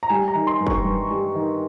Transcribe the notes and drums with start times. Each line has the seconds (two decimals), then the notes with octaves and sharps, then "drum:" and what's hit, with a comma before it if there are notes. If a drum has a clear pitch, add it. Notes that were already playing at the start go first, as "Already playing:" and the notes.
0.03 A#5
0.09 G3 G#5
0.28 A#5
0.35 D#3
0.47 C6
0.60 G2
0.67 C#6, drum: kick
0.85 G2
1.11 G3
1.35 D#3